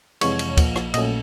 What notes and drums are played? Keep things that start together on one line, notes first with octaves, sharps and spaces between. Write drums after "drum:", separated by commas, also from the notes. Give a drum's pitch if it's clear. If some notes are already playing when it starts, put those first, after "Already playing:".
F2 C3 E3 G#3 C#5, drum: cymbal
drum: cymbal
A#1 A#2 F3 A#3, drum: kick, cymbal
drum: rim click
A#1 A#2 F#3 A3 C#4 D#5, drum: cymbal